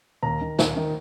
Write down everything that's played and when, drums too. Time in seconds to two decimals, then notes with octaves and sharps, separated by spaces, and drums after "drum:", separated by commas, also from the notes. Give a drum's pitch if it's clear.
0.23 D#2 A#5
0.41 D#3
0.59 D#2, drum: snare
0.76 D#3